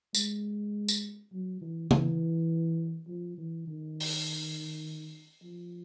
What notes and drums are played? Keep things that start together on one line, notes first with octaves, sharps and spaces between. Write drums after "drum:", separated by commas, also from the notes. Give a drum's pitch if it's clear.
G#3, drum: tambourine
drum: tambourine
F#3
E3
E3, drum: tom
F3
E3
D#3
drum: open hi-hat
F3